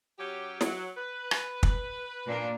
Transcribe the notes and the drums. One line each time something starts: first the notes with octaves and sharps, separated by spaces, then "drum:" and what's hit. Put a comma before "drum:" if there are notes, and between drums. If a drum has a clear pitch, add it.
F#3 C#4 G4
F#3, drum: snare
B4
drum: rim click
drum: kick
A#2 A#3 D4